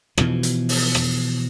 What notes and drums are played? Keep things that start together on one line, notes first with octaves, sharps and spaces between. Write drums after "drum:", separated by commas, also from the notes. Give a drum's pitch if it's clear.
B2 E3 F3, drum: rim click
drum: hi-hat
drum: open hi-hat
drum: rim click